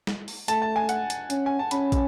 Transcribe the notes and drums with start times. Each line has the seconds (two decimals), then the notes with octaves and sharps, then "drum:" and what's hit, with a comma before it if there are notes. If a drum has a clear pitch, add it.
0.07 drum: snare
0.28 drum: open hi-hat
0.48 A3 A5, drum: hi-hat
0.62 A5
0.76 G#5
0.89 F#5, drum: hi-hat
1.10 drum: hi-hat
1.30 C#4, drum: hi-hat
1.46 G#5
1.59 A5
1.71 C#4 B5, drum: hi-hat
1.92 drum: kick, hi-hat